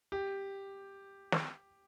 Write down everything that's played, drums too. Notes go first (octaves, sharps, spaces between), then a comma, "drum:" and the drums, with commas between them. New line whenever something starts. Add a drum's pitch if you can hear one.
G4
drum: snare